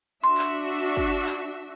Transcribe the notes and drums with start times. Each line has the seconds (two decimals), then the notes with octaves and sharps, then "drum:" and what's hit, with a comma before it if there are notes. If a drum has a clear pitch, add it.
0.24 D4 F#4 E5 C6
0.38 drum: clap
0.97 drum: kick
1.26 drum: clap